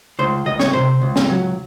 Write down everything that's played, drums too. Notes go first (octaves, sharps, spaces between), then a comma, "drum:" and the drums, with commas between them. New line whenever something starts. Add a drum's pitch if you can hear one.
C#2 C5
C#2 D#5
C#5, drum: snare
C3 C5
C#2
drum: snare
F#3